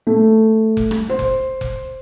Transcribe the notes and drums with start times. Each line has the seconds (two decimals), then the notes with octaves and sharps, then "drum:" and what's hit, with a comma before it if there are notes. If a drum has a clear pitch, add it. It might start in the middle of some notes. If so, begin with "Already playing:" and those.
0.07 A3
0.77 drum: kick F1
0.91 drum: rim click
1.10 C5
1.19 drum: kick F1
1.61 drum: kick F1